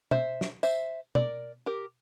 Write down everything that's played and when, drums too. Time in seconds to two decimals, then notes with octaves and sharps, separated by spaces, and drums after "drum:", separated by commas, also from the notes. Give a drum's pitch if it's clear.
0.11 C5 E5, drum: tom B2
0.41 drum: snare
0.63 C5 E5, drum: tambourine
1.15 A#4 D5, drum: tom B2
1.66 G4 A#4